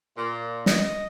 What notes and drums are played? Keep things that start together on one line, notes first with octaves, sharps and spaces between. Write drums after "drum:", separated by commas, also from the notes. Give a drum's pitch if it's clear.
A#2
D#5, drum: snare